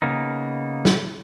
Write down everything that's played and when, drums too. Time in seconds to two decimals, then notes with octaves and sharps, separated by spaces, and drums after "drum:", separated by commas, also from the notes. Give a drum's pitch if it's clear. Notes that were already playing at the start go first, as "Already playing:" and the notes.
0.02 C#3 A#3 B3 D#4
0.85 drum: snare